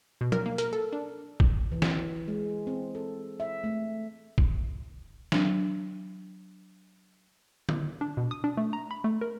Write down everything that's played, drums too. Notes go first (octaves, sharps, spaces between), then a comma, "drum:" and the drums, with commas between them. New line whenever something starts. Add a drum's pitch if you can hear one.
B2
A#4, drum: tom F3
A#3
A#4, drum: hi-hat
A4
D4
drum: kick A#1
E3
drum: snare
G#3
C4
A4
E5
A3
drum: kick A#1
F#3 D4, drum: snare
drum: tom D3
D4
B2
D#6
D4
A3
A#5
B5
A3
A#4